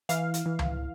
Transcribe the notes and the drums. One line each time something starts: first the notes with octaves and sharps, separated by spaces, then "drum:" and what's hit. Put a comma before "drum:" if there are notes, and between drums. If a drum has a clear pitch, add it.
E3 F5, drum: hi-hat
drum: hi-hat
E3
drum: tom C#2